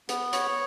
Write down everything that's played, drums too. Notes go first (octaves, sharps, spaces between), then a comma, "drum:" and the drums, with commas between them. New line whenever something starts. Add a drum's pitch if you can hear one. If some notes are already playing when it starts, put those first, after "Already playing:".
B3, drum: hi-hat
C#5, drum: hi-hat